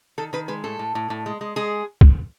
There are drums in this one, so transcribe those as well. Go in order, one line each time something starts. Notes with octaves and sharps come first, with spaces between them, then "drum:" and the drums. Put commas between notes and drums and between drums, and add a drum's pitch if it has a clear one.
D#3 A4
D#3 B4
G#3 B4
A2 A4
A2
A2
A2
G#3
G#3
G#3 G#4
drum: kick